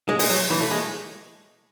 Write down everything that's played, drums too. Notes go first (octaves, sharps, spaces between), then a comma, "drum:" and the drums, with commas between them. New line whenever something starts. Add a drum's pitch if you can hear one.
G#3
G#3, drum: open hi-hat
F#3
E3
A3
G#3